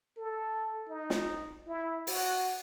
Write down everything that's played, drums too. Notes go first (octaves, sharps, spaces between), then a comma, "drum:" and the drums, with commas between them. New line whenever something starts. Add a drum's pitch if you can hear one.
A4
D#4
drum: snare
E4
F#4, drum: open hi-hat